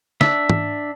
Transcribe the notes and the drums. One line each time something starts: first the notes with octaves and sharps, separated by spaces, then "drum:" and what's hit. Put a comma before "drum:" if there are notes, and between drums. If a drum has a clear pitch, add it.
D4 E5, drum: snare
drum: tom